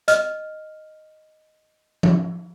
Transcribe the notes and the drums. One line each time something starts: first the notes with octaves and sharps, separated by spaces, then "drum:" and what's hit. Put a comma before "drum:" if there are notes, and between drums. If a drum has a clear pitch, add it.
D#5 F6, drum: hi-hat
drum: tom F3